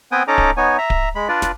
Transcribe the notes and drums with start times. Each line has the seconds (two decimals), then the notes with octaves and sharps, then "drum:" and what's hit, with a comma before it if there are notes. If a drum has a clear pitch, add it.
0.12 B3 C4 B4 G5 G#5 D#6
0.28 C#4 D#4 A4 D#5 A#5 D6
0.38 drum: kick D1
0.57 B3 D#4 C#5 G#5
0.78 E5 A#5
0.90 drum: kick D1
1.15 G#3 B5
1.28 D4 F4 B4 D5
1.42 drum: snare